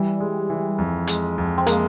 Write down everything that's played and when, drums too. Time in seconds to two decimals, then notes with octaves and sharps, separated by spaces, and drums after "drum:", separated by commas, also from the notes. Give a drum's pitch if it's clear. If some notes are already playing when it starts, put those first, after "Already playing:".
Already playing: E3 G3
0.20 G#3
0.50 E3
0.78 F2
1.07 G#3, drum: hi-hat
1.38 F2
1.58 C4
1.67 G#3 A#3, drum: hi-hat